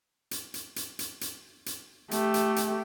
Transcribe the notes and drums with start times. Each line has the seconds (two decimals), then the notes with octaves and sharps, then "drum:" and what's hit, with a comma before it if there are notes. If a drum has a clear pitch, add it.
0.31 drum: hi-hat
0.54 drum: hi-hat
0.76 drum: hi-hat
0.99 drum: hi-hat
1.21 drum: hi-hat
1.66 drum: hi-hat
2.11 A3 G4, drum: hi-hat
2.34 drum: hi-hat
2.56 drum: hi-hat